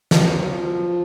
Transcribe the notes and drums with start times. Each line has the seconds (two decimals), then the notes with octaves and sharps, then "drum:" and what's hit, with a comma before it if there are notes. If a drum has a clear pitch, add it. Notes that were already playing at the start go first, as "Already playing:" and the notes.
0.11 F3, drum: snare
0.23 F#3
0.54 F3